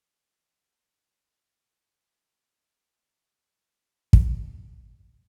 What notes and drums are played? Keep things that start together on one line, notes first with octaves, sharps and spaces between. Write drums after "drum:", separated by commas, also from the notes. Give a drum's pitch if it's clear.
F3 F#3 G#3 D4
C5 D#5 F#5 A5 B5 C#6
D#4 G5 D#6
E5
A6 C7 D7
drum: kick